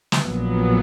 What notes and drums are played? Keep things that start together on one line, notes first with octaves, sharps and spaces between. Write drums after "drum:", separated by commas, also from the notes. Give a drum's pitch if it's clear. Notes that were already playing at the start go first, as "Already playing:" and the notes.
drum: snare
A#1 A#2 F#3 B3